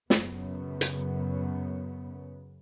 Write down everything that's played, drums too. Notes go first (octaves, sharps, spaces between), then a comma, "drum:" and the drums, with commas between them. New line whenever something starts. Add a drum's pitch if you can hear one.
F#2 C#3 B3, drum: snare
drum: hi-hat